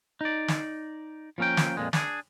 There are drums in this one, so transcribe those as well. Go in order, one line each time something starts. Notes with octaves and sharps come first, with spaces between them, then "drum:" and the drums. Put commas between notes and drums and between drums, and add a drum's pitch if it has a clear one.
D#4 D5
drum: snare
F3 A#3 C#4 A#4 G5
drum: snare
F2 A#2 G#3
D4 G#4, drum: snare